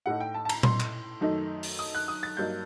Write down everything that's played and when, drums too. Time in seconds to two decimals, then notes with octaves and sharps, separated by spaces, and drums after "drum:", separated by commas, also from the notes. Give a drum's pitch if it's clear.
0.06 A2 A3 D#4 F#5
0.20 G5
0.34 A5
0.45 A5
0.49 A#5, drum: cymbal
0.63 C6, drum: tom A#2
0.80 drum: clap
1.21 F#2 D#3 A3 D#4
1.63 drum: open hi-hat
1.79 D#6
1.94 F#6
2.08 D#6
2.23 A6
2.37 G2 F#3 A#3 D#4 G6